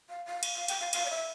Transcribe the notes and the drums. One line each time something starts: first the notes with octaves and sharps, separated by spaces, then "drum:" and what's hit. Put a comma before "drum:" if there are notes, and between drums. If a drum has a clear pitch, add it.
F5
F5
drum: cymbal
F5
G5, drum: cymbal
F5
F5, drum: cymbal
D5
E5